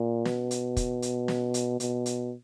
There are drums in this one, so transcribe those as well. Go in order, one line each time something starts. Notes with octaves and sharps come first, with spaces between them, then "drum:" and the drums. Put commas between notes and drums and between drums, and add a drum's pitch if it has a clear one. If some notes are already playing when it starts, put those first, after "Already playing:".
Already playing: A#2
B2, drum: snare
drum: hi-hat
drum: kick, hi-hat
drum: hi-hat
drum: snare
drum: hi-hat
B2, drum: hi-hat
drum: hi-hat